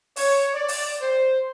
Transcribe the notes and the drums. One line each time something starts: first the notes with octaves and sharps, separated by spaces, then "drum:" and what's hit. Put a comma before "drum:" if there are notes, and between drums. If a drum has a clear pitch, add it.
C#5, drum: open hi-hat
D5
drum: open hi-hat
C5